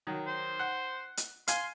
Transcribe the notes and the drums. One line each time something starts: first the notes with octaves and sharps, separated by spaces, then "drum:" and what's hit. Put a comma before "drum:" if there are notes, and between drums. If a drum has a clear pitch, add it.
D#3 F#3
C5
F#5
drum: hi-hat
F5 G#5 C6, drum: hi-hat